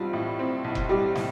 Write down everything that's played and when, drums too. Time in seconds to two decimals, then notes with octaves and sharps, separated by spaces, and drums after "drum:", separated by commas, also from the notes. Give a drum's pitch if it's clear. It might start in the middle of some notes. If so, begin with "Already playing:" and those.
Already playing: B1 G3 C4 F4
0.13 A2
0.39 C4
0.64 B1
0.75 drum: kick F1
0.89 G3 G4
1.15 A2, drum: snare